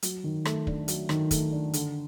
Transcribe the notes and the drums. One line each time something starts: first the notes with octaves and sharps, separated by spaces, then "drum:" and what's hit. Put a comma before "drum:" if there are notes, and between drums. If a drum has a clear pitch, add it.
F#3, drum: hi-hat
D#3
A3, drum: rim click
D4, drum: kick
F#3, drum: hi-hat
D#3, drum: rim click
A3, drum: kick, hi-hat
D4
D3, drum: hi-hat